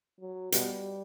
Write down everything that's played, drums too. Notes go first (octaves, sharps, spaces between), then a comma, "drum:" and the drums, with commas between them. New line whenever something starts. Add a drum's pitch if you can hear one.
F#3
B2 G3, drum: hi-hat